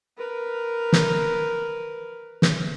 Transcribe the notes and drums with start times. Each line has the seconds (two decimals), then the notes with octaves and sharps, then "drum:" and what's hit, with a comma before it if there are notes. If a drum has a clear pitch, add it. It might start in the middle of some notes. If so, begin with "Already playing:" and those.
0.18 A#4 B4
0.93 drum: snare
2.42 drum: snare